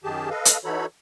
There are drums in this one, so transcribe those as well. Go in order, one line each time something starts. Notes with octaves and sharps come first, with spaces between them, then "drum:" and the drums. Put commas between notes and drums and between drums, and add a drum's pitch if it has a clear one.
F#2 D#3 G4 G#4 A5
A4 B4 D#5 F5
drum: hi-hat
E3 D#4 F#4 A4 C#5 B5